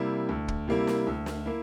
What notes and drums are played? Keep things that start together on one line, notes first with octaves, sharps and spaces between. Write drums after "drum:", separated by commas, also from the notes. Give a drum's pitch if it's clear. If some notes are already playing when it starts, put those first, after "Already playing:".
Already playing: C3 G3 A#3 E4
D2
drum: kick
C3 G3 A#3 E4
drum: snare
D2
drum: snare
A#3 E4